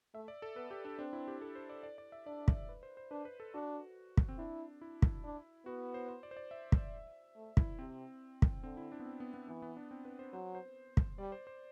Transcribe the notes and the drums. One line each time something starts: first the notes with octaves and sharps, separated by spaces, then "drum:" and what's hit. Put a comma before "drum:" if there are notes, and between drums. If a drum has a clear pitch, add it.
A3 E5
D5
A4
B3 B4
G4
D4
C4 D4
E4
G4
A4
C5
D5
D5
D5
E5
D4 D5
D5, drum: kick
B4
C5
C5
D4 B4
B4
A4
D4 F#4
drum: kick
C4
D4 E4
E4
drum: kick
D4
B3 F#4
C5
C5
D5
C5
D5
E5
drum: kick
A3
E4, drum: kick
C3 C4
drum: kick
D3 C4
E4
D4
B3
C4
B3
B3
E3 B3
B3
D4
C4
B4
C5
F#3 C5
C5
drum: kick
G3 D5
C5
C5